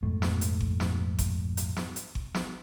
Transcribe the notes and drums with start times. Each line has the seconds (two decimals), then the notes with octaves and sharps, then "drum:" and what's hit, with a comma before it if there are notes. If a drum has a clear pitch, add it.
0.03 A#1 F2 G#2 A3
0.22 drum: snare
0.41 drum: hi-hat
0.61 drum: kick G1
0.80 drum: snare
1.19 drum: kick G1, hi-hat
1.57 drum: hi-hat
1.77 drum: snare
1.96 drum: hi-hat
2.15 drum: kick G1
2.35 drum: snare